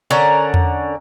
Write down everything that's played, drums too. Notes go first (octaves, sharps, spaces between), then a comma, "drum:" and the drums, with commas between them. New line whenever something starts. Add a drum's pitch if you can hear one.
D3 C#4 A#4 A#5
drum: tom E2